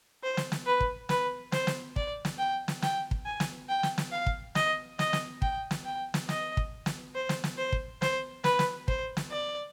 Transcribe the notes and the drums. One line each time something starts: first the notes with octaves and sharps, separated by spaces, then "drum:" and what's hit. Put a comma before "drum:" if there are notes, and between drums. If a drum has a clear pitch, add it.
C5
drum: snare
drum: snare
B4
drum: kick
B4, drum: snare
C5, drum: snare
drum: snare
D5, drum: kick
drum: snare
G5
drum: snare
G5, drum: snare
drum: kick
G#5
drum: snare
G5
drum: snare
drum: snare
F5
drum: kick
D#5, drum: snare
D#5, drum: snare
drum: snare
G5, drum: kick
drum: snare
G5
drum: snare
D#5, drum: snare
drum: kick
drum: snare
C5
drum: snare
drum: snare
C5
drum: kick
C5, drum: snare
B4, drum: snare
drum: snare
C5, drum: kick
drum: snare
D5